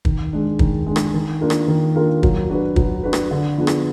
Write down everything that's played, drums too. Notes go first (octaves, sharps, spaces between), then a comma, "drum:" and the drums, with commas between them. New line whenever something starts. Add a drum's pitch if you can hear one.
D#3, drum: kick
G#3 D4
D#3, drum: kick
G#3 D4
drum: rim click
D#3
A#3 D4 F4 A#4
drum: rim click
D#3
A#3 D4 F4 A#4
F#3, drum: kick
D4 F#4 B4
F#3, drum: kick
D4 F#4 B4
drum: rim click
D3
F3 B3 D4 G#4
drum: rim click